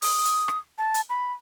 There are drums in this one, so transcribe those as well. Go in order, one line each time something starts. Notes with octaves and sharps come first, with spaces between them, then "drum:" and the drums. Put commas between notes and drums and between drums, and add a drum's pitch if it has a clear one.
D#6, drum: open hi-hat
drum: hi-hat
drum: rim click
A5
drum: hi-hat
B5